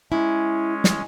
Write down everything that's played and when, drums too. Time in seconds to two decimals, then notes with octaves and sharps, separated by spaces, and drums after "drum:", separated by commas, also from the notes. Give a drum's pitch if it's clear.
0.12 G#3 C#4 E4
0.84 drum: snare